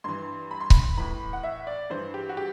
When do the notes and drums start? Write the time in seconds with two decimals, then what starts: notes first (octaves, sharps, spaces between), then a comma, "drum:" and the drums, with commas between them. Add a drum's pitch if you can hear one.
0.04 G2 E3 C6
0.51 B5
0.60 C6
0.70 B5, drum: kick C#1
0.97 A2 E3 B5
1.33 F#5
1.43 E5
1.67 D5
1.90 G2 E3 C5
2.14 G4
2.29 F#4
2.37 G4